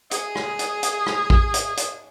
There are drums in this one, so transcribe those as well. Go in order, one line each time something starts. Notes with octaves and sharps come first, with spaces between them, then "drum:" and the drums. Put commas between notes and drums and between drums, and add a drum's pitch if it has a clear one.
G#4, drum: hi-hat
drum: rim click
drum: hi-hat
drum: hi-hat
drum: rim click
drum: kick A1
drum: hi-hat
drum: hi-hat